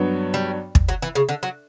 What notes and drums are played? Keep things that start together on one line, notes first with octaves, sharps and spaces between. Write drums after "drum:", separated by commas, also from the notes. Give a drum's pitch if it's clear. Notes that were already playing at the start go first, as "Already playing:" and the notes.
Already playing: G2 F#3 B3 F#4 C#5
G3
drum: kick
F#3
E3
C#3
D3
F#3